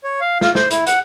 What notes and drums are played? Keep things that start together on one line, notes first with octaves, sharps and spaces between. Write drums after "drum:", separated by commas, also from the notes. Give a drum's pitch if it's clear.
C#5
F5
F4, drum: snare
C5, drum: snare
E4, drum: hi-hat
F#5, drum: hi-hat